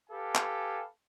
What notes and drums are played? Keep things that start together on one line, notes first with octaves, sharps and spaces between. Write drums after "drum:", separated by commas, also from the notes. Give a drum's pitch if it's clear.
G4 A4 B4 F5 G#5
drum: clap